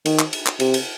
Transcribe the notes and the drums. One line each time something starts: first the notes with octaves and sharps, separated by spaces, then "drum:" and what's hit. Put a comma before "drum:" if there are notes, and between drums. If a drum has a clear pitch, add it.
D#3, drum: cymbal
drum: clap
drum: cymbal
drum: clap
C3, drum: cymbal
drum: cymbal